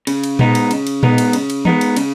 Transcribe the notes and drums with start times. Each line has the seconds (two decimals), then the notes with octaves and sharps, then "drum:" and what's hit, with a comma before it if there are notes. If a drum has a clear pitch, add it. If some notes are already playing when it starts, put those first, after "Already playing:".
0.07 C#3, drum: cymbal
0.24 drum: cymbal
0.39 G#3 B3 D#4, drum: tom A#2
0.55 drum: cymbal
0.71 C#3, drum: cymbal
0.87 drum: cymbal
1.03 G#3 B3 D#4, drum: tom A#2
1.18 drum: cymbal
1.33 C#3, drum: cymbal
1.50 drum: cymbal
1.65 G#3 B3 D#4, drum: tom
1.81 drum: cymbal
1.97 C#3, drum: cymbal